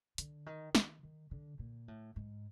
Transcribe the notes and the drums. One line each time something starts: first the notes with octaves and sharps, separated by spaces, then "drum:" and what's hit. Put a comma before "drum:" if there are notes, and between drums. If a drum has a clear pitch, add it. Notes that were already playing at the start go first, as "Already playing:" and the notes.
D3, drum: hi-hat
D#3
D#3, drum: snare
D#3
D3
A#2
A2
G#2